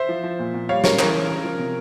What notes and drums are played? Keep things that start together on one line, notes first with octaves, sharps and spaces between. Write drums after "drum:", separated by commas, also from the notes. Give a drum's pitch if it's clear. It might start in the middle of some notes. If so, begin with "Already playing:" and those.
Already playing: C5 E5
F3
F3
A#2
A#2
G3 C#5 F5
C#3 A#4 C#5, drum: snare
E3 A#4 C#5, drum: clap
C#3
C#3
F3
C3